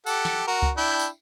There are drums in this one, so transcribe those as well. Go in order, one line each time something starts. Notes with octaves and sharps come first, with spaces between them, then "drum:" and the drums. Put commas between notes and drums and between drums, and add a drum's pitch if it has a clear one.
G4 A4 F#5, drum: tambourine
drum: snare
F#4 A#4
drum: kick C#2
D4 E4 G5
drum: tambourine